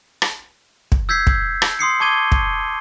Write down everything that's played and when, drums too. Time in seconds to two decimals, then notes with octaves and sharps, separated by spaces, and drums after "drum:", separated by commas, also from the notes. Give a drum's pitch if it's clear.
0.22 drum: rim click
0.92 drum: kick
1.09 E6 G6 G#6 B6 C7
1.27 drum: kick
1.62 drum: rim click
1.79 C6 D#6 C7 C#7
2.00 A5 C#6 D6 G#6 D#7 G7
2.32 drum: kick